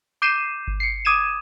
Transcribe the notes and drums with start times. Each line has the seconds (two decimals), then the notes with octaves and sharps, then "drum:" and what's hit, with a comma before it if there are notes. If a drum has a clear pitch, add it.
0.22 D6 G6 C7 D#7 E7
0.68 drum: kick G1
0.80 C7 C#7
1.05 D6 D#6 G#6 D#7 E7